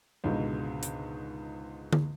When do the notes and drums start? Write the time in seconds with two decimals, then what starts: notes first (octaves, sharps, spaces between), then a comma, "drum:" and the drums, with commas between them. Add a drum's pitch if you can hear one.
0.24 C#2 G#2 B2 D3 G#3
0.83 drum: hi-hat
1.93 drum: tom D3